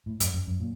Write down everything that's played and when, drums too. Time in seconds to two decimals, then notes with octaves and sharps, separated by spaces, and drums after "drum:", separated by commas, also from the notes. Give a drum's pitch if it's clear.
0.06 A2
0.20 F#2, drum: hi-hat
0.34 F#2
0.47 F#2
0.60 A#2